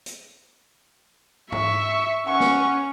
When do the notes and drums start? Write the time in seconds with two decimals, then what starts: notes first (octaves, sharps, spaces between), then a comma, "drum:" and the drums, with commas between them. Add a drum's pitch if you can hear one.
0.06 drum: hi-hat
1.52 E5 C#6, drum: tom G#2
2.27 C#4 F#5 C#6
2.40 drum: snare